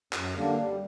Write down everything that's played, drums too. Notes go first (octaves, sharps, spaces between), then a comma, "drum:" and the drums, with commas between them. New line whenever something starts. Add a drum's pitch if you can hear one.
F#2, drum: clap
D3 G3 A#3 D4
G3